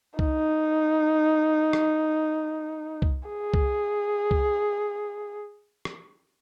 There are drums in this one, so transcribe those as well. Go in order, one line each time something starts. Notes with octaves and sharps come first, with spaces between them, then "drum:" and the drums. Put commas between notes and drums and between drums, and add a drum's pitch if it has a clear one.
D#4, drum: kick
drum: rim click
drum: kick
G#4
drum: kick
drum: kick
drum: rim click